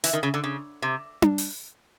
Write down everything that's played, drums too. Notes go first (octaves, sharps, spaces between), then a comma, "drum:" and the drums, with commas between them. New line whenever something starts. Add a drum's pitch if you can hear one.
E3, drum: hi-hat
D#3
C#3
D3
C#3
C3
drum: tom D4
drum: open hi-hat